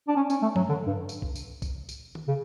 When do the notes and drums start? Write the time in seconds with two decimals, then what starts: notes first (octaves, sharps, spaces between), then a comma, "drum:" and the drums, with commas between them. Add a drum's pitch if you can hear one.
0.08 D4
0.16 C#4
0.30 C#4, drum: tambourine
0.42 A3
0.56 F#3, drum: tom G2
0.69 D3
0.87 G2
1.09 drum: tambourine
1.22 drum: kick
1.36 drum: tambourine
1.62 drum: kick, tambourine
1.89 drum: tambourine
2.15 drum: tom
2.28 C#3